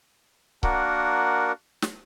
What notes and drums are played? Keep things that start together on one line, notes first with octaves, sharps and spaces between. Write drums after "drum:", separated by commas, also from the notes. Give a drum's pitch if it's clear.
A#3 D4 F#4 A#4 F#5, drum: kick C#1
drum: snare